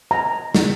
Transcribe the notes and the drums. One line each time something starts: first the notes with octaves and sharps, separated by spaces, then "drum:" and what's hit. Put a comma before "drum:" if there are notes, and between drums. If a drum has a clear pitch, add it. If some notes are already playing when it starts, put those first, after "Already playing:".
A#5
drum: snare